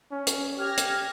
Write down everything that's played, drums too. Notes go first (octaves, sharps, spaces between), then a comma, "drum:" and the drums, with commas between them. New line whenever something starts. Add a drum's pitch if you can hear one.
C#4
drum: hi-hat
G4 F6 G#6 A#6
drum: hi-hat